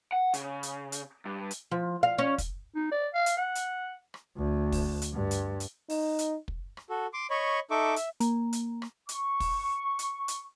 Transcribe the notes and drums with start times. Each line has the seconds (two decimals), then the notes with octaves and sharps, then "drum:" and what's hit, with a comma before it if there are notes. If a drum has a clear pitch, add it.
0.12 F#5
0.34 C#3, drum: hi-hat
0.63 drum: hi-hat
0.92 drum: hi-hat
1.26 G2
1.51 drum: hi-hat
1.71 F3
2.03 F5
2.18 C#4
2.38 drum: kick, hi-hat
2.75 D#4
2.91 D5
3.14 F5
3.26 drum: hi-hat
3.37 F#5
3.55 drum: hi-hat
4.14 drum: rim click
4.37 D2
4.72 drum: kick, open hi-hat
5.02 drum: hi-hat
5.13 G2
5.31 drum: hi-hat
5.60 drum: hi-hat
5.90 D#4, drum: open hi-hat
6.19 drum: hi-hat
6.48 drum: kick
6.77 drum: rim click
6.90 F#4 A4
7.13 C6 D6
7.30 C#5 D#5 B5 C#6
7.71 D#4 A4 E5 C#6 D6
7.96 E5, drum: hi-hat
8.20 A#3, drum: hi-hat
8.53 drum: hi-hat
8.82 drum: rim click
9.09 C#6, drum: hi-hat
9.40 drum: kick, open hi-hat
9.99 drum: hi-hat
10.28 drum: hi-hat